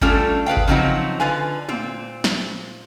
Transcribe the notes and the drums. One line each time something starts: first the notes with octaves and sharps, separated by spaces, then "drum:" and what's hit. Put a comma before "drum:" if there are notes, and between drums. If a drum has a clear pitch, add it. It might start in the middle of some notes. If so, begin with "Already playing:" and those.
G3 A3 C#4 D4 F4 A4, drum: kick G1
G#4 B4 F5 G5
drum: kick G1
C#3 F3 F#3 C4 D#4 F#4
D3 F4 B4 F5 G#5
A#2 C4, drum: tom
drum: snare